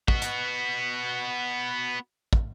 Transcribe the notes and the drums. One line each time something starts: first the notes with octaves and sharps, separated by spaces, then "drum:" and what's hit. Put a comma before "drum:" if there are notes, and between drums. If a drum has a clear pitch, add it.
B3 F#4, drum: kick
drum: hi-hat
drum: kick